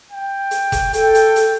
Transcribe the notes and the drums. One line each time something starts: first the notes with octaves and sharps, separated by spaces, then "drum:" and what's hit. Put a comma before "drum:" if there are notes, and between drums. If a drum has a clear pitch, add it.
G5
drum: hi-hat
drum: kick F1, hi-hat
A4 G5, drum: hi-hat
drum: hi-hat
drum: hi-hat